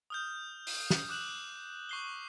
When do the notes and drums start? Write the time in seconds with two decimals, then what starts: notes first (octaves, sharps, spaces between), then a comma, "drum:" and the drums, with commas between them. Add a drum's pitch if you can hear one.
0.10 D#6 F6 G6
0.67 drum: open hi-hat
0.90 drum: snare
1.09 D6 F#6 E7 F#7
1.89 C#6 C7 G7